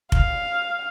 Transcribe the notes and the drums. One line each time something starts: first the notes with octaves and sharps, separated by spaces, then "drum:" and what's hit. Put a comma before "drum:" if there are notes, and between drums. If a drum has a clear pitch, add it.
F5, drum: kick F1